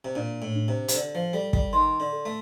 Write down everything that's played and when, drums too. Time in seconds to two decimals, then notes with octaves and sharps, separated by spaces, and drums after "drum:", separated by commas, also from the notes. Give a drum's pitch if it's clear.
0.05 C3
0.15 A#2 D4
0.42 A2
0.56 D4
0.68 C3
0.88 C3, drum: hi-hat
0.94 D3 A4
1.15 F3
1.33 G3 A4
1.53 G3, drum: kick
1.73 D#3 C6
2.00 D3
2.13 A4
2.26 A3